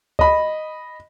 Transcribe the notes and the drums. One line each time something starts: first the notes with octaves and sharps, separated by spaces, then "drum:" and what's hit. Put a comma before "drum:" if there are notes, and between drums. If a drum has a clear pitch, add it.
D#5 B5, drum: kick C#2